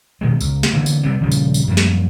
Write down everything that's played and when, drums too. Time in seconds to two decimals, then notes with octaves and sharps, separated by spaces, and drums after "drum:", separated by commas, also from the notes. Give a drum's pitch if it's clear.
0.21 B2 D#3 G#3
0.41 C#2, drum: tambourine
0.63 drum: snare
0.73 D3 E3 A#3 B3
0.86 drum: tambourine
1.03 C3 G3 B3 C4
1.21 D#1 C#3 F3 G3
1.32 drum: tambourine
1.54 drum: tambourine
1.68 F#2 F3 G3 A#3
1.77 drum: snare